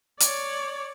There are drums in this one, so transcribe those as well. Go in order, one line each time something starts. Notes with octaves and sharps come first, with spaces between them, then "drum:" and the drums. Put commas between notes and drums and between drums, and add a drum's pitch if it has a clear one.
C#5 D5, drum: hi-hat